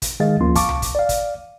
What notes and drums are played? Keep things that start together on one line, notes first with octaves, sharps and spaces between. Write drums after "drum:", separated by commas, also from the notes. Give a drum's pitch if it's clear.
drum: kick, hi-hat
D#3 G#3 G#4 D#5 F5 A6
D2 F3 A#3 C#4 F4 C6
F5 A5 C#6 D6, drum: kick, hi-hat
drum: tom C2
drum: kick, hi-hat
D5 F5
drum: kick, hi-hat